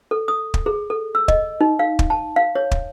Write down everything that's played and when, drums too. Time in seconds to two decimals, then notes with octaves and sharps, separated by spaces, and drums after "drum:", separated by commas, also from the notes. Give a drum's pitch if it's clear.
0.11 A4
0.28 D#6
0.54 drum: kick
0.66 G#4
0.90 A4
1.15 E6
1.28 D#5, drum: kick
1.61 D#4
1.79 F5
1.99 drum: kick
2.10 A5
2.36 F5
2.55 C#5
2.71 drum: kick